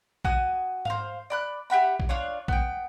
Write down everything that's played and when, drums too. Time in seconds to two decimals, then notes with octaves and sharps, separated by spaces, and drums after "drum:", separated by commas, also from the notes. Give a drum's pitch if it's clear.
0.25 F#4 G#5 D#6, drum: kick A#1
0.85 C5 F5, drum: tom G#2
1.30 D5 B5 F#6
1.70 G4 E5 F#5 B5
2.00 drum: kick A#1
2.09 D4 F4 C#5
2.48 B3 G5, drum: kick A#1